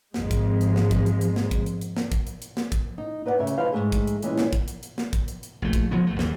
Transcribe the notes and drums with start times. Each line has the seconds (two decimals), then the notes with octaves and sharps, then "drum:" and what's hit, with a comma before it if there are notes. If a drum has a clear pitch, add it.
0.14 G#1 F2 G#3, drum: snare
0.31 drum: kick, hi-hat
0.61 drum: hi-hat
0.76 drum: snare
0.91 drum: kick, hi-hat
1.06 drum: hi-hat
1.21 drum: hi-hat
1.36 drum: snare
1.51 drum: kick, hi-hat
1.66 drum: hi-hat
1.81 drum: hi-hat
1.97 drum: snare
2.12 drum: kick, hi-hat
2.27 drum: hi-hat
2.42 drum: hi-hat
2.57 drum: snare
2.72 drum: kick, hi-hat
2.98 D#4
3.25 D#4 B4 D5 E5 F#5
3.38 D2 C#3 E5
3.47 drum: hi-hat
3.58 B2 D#4 B4 C5 F5
3.72 G#2 C#3 G#3 A3 D#4 G#4
3.92 drum: kick, hi-hat
4.07 drum: hi-hat
4.22 A#2 E3 G#3 C#4, drum: hi-hat
4.38 drum: snare
4.53 drum: kick, hi-hat
4.68 drum: hi-hat
4.83 drum: hi-hat
4.98 drum: snare
5.13 drum: kick, hi-hat
5.28 drum: hi-hat
5.43 drum: hi-hat
5.62 A#1 A3
5.73 drum: kick, hi-hat
5.91 F3 F#3 G#3 B3
6.07 G#1 A3
6.19 D#2 G3, drum: snare